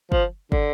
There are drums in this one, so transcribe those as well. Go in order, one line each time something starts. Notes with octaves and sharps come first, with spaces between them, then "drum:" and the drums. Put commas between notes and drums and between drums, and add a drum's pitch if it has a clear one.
F3, drum: kick
D3, drum: kick